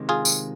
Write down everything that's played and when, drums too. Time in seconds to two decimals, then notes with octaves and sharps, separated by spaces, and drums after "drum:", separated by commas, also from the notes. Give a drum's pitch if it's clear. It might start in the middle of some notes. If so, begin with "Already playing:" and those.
Already playing: C3 D#3 G#3
0.09 F4 G#4
0.25 drum: tambourine